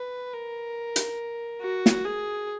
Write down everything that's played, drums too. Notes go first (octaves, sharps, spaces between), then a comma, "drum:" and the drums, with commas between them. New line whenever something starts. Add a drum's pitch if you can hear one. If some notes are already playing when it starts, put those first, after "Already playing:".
Already playing: B4
A#4
drum: hi-hat
F#4
drum: snare
G#4